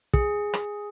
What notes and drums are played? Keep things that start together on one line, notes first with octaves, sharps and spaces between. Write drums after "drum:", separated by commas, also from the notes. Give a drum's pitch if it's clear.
G#4, drum: kick
drum: rim click